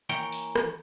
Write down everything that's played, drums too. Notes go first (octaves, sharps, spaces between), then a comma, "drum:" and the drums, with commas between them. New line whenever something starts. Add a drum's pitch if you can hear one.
E3 A#3 C#5 G5, drum: hi-hat
drum: open hi-hat
drum: rim click